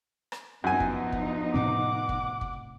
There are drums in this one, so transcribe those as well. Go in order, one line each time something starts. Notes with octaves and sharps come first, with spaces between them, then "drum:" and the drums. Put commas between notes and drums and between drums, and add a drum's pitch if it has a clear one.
drum: rim click
F#2 F3 B3 D#4 G#5
drum: kick
drum: kick
A2 C3 C4 F#5 D6
drum: kick
drum: kick